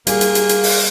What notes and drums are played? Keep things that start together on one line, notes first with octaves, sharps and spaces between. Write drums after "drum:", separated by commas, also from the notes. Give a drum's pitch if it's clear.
G3 A#3 G#4, drum: hi-hat
drum: hi-hat
drum: hi-hat
drum: hi-hat
drum: open hi-hat